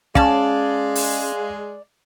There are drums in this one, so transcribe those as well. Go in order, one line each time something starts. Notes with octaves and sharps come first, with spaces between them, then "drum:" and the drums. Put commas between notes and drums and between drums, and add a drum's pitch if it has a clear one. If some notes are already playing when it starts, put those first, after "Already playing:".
G#3 C#4 D5 F5 A5, drum: kick
drum: open hi-hat